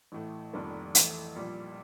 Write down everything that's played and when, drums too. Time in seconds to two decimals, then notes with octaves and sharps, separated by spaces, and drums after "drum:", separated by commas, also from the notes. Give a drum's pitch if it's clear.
0.12 A1 A2 A3
0.53 F1 F2 D#3 G3 A#3
0.95 A1 A2 A3, drum: hi-hat
1.36 A#1 A#2 G3